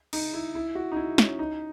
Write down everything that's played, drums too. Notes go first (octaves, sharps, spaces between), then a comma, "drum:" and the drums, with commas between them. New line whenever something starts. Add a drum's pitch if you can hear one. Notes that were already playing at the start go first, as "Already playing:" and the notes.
D#4, drum: cymbal
E4
E4
F#4
D#4
E4
C#4, drum: snare
D#4